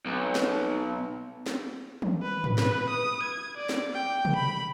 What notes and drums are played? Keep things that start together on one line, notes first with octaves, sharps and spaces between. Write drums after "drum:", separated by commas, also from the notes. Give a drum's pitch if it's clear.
B1
drum: snare
drum: snare
drum: tom
B4
drum: tom G#2
B4, drum: snare
D#6
G#6
D5
drum: snare
G5
drum: tom
B5